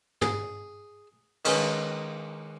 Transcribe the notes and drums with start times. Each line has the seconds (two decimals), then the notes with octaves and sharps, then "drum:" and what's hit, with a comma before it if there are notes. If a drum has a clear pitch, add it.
0.22 G#4, drum: tom
1.45 D#3 G#3 C#4 B4 G5, drum: cymbal